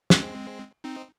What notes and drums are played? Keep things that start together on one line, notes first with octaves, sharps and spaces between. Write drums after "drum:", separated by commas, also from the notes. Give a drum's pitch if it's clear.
G#3 C4, drum: snare
C4 D#4